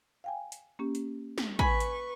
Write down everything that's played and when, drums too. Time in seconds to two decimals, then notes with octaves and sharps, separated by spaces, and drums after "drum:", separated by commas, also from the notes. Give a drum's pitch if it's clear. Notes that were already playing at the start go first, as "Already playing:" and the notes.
0.24 F5 G5 G#5
0.52 drum: hi-hat
0.79 A#3 C#4 G4
0.95 drum: hi-hat
1.38 drum: snare
1.59 B4 G#5 B5 C#6, drum: kick
1.80 drum: hi-hat